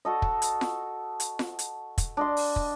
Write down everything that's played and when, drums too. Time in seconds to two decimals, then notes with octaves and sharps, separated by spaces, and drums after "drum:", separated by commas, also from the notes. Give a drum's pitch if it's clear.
0.05 F#4 A4 D#5
0.22 drum: kick
0.42 drum: hi-hat
0.61 drum: snare F4
1.20 drum: hi-hat
1.39 drum: snare F4
1.59 drum: hi-hat
1.98 drum: kick, hi-hat
2.17 D4 D#5 C6
2.37 drum: open hi-hat
2.56 drum: kick